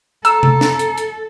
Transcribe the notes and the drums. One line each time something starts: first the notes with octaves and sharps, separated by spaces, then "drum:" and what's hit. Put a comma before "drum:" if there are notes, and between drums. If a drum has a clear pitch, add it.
A4 A#5 E6, drum: hi-hat
drum: tom C3
drum: snare
drum: hi-hat
drum: hi-hat